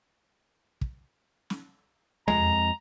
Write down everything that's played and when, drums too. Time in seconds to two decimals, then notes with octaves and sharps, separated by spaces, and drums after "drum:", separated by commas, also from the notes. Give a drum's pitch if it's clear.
0.81 drum: kick
1.50 drum: snare
2.28 F2 G#3 A#5, drum: tom E2